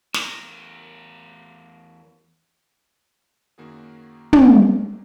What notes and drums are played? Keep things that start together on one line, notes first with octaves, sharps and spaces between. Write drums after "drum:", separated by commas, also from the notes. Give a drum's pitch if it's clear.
E2 G#2 A#4, drum: snare
F#2 D#3 A#3 F#4 G#4
drum: tom